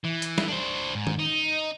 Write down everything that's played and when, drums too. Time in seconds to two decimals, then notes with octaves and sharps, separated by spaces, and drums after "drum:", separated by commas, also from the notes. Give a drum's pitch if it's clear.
0.05 E3
0.22 drum: hi-hat
0.38 drum: snare
0.48 D4 C5
0.95 G#2
1.07 drum: tom
1.19 D#4